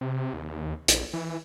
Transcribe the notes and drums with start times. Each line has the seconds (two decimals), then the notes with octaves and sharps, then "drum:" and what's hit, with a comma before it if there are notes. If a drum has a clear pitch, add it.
0.01 C3
0.33 D#2
0.88 A#1, drum: hi-hat
1.13 E3